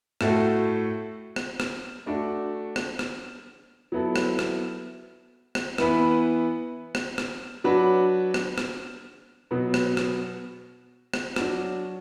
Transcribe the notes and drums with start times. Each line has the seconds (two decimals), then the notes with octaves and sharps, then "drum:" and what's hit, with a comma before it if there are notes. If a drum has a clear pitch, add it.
0.21 A2 A3 F#4 A4, drum: rim click
1.36 drum: rim click
1.60 drum: rim click
2.06 A3 D4 F#4 A4
2.76 drum: rim click
2.99 drum: rim click
3.92 F#3 B3 E4 A4
4.16 drum: rim click
4.39 drum: rim click
5.55 drum: rim click
5.78 E3 B3 E4 B4, drum: rim click
6.95 drum: rim click
7.18 drum: rim click
7.64 F#3 D4 F#4 B4
8.34 drum: rim click
8.58 drum: rim click
9.51 B2 F#3 B3
9.74 drum: rim click
9.97 drum: rim click
11.14 drum: rim click
11.36 F#3 D4 F#4, drum: rim click